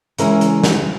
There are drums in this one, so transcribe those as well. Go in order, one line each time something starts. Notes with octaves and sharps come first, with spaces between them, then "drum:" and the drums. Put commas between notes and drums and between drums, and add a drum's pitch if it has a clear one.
C#3 E3 G#3 C#4 A#4, drum: hi-hat
drum: hi-hat
drum: snare